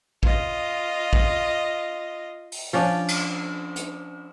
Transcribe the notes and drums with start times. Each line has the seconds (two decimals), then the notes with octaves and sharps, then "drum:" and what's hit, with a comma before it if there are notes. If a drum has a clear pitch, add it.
0.23 F4 D#5, drum: kick
1.13 drum: kick
2.52 drum: open hi-hat
2.73 F3 C#4 D4
3.08 drum: cymbal
3.76 drum: hi-hat